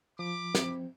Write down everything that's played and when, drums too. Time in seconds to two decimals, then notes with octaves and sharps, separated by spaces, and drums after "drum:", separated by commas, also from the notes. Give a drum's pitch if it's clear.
0.19 F3 B5 D6
0.55 C4, drum: snare